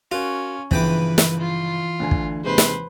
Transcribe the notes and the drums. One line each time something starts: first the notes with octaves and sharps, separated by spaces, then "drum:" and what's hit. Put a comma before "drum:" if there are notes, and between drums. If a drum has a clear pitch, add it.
C#4 F4 F#4 A#4
G1 C#3 E3 F3 B4 G5 D6, drum: kick
drum: snare
F4
D2 D3 G#5
drum: kick
D#2 C3 G#3 B4 C5
drum: snare